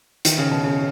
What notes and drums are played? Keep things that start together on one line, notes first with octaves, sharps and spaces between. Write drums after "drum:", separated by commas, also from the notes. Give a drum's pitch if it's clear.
D#3, drum: hi-hat
C#3
B2
C#3